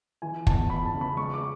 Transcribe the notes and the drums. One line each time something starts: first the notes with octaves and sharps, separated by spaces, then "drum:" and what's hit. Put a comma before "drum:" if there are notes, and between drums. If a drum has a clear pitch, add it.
E3 G#5
E2 A5, drum: kick
E2 B5
A5
C#3
B5
G#3 C#6
D6